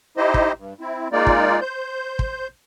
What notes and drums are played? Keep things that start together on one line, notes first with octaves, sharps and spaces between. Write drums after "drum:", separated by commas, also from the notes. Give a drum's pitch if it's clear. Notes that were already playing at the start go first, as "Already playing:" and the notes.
D#4 E4 G4 C5 D#5
drum: kick
G2
C4 E4
G#3 A#3 D#4 F4 D5
drum: kick
C5 G6
drum: kick